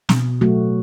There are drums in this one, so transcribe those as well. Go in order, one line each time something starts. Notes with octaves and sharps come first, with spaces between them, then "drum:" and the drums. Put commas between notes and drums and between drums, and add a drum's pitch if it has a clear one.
B2, drum: snare
F#3 A3 F#4